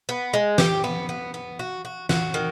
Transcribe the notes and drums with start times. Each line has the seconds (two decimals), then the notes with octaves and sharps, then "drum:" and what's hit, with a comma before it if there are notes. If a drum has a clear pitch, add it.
0.09 B3
0.34 G#3
0.58 G4, drum: snare
0.84 B3
1.09 B3
1.34 B3
1.59 F#4
1.85 F#4
2.09 F#4, drum: snare
2.34 D#3